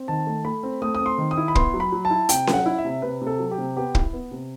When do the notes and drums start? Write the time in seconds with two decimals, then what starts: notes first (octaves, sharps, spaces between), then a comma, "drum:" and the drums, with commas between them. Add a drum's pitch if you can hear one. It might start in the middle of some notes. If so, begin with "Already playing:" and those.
Already playing: C4
0.08 D#3 A5
0.27 A3
0.45 A3 B5
0.63 C4
0.82 A3 D#6
0.95 D#6
1.00 C4
1.06 C6
1.18 D#3
1.31 D#6
1.37 E4
1.48 B5
1.55 B3 C6, drum: kick
1.74 F#3
1.80 B5
1.92 F#3
2.05 A5
2.11 E4
2.29 C3 G5, drum: hi-hat
2.47 F#3, drum: snare C#4
2.54 F#5
2.66 E4
2.78 E5
2.85 C3
3.02 C3 B4
3.21 C3
3.27 A4
3.40 F#3
3.51 G4
3.58 C3
3.77 B3 G4
3.95 E4, drum: kick
4.13 B3
4.31 C3